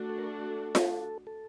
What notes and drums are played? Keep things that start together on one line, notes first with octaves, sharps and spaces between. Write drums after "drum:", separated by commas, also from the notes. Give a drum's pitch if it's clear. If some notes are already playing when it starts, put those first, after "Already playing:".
Already playing: A3 D4 F#4
A4
A#4
A4
drum: snare F4
A4